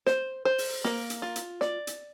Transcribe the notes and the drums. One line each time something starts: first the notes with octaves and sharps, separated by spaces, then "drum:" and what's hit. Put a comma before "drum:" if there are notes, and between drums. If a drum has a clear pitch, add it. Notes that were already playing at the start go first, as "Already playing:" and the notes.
C5, drum: snare
C5
drum: open hi-hat
A#3, drum: snare
drum: hi-hat
F4
drum: hi-hat
D5, drum: snare
drum: hi-hat